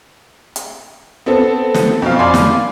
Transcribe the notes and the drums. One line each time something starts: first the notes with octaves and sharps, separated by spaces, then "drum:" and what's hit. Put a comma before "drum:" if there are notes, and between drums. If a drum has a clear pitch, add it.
drum: hi-hat
B3 C4 A4
drum: snare
F2 B2 F5
D5 F5 G#5 B5 C6
drum: snare